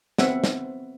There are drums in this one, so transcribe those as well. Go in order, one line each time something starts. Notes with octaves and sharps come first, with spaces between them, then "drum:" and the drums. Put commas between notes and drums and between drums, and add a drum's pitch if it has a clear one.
B3 C4 E5 F#5, drum: snare
drum: snare